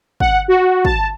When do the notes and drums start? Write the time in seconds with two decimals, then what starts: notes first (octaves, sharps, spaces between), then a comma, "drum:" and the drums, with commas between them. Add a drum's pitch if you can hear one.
0.20 F#5, drum: kick
0.48 F#4
0.85 A5, drum: kick